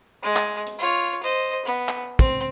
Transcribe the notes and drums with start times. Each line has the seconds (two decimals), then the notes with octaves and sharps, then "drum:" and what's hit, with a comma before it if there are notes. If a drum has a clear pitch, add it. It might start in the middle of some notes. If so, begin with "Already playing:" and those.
0.23 G#3
0.36 drum: clap
0.67 drum: hi-hat
0.79 F4 C#5
1.23 C5 D#5
1.65 B3
1.89 drum: clap
2.19 C4, drum: kick, hi-hat